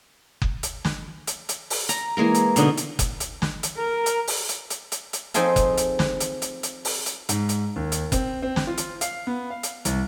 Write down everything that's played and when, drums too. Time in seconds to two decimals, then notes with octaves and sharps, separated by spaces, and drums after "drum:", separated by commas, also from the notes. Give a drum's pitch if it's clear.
0.42 drum: kick F#1
0.63 drum: hi-hat
0.85 drum: snare
1.27 drum: hi-hat
1.49 drum: hi-hat
1.70 drum: open hi-hat
1.89 A#5, drum: hi-hat
2.17 E3 G#3 A#3 A#4
2.35 drum: hi-hat
2.56 B2 D3 D4 D#4, drum: hi-hat
2.77 drum: hi-hat
2.99 drum: kick F#1, hi-hat
3.20 drum: hi-hat
3.42 drum: snare
3.63 drum: hi-hat
3.77 A#4
4.06 drum: hi-hat
4.28 drum: open hi-hat
4.49 drum: hi-hat
4.70 drum: hi-hat
4.92 drum: hi-hat
5.13 drum: hi-hat
5.34 F3 C4 D#4 F4 G#4 A4, drum: hi-hat
5.56 drum: kick F#1, hi-hat
5.78 drum: hi-hat
5.99 drum: snare
6.20 drum: hi-hat
6.42 drum: hi-hat
6.63 drum: hi-hat
6.85 drum: open hi-hat
7.06 drum: hi-hat
7.29 G#2, drum: hi-hat
7.49 drum: hi-hat
7.76 D#2
7.92 drum: hi-hat
8.12 C4, drum: kick F#1, hi-hat
8.42 C4
8.56 drum: snare
8.67 F4
8.78 drum: hi-hat
9.01 F5, drum: hi-hat
9.27 B3
9.50 F5
9.63 drum: hi-hat
9.85 C2, drum: hi-hat